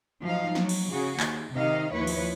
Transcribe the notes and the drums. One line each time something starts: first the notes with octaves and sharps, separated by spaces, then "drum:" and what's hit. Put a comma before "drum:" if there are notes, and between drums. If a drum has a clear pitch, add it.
F3 F#3 D#4 F5
F#3, drum: snare
drum: cymbal
C#3 F#4 G#4
D#2, drum: clap
C3 D#3 D#4 D#5 F5
D#2 F3 E4 B4 C#5
drum: cymbal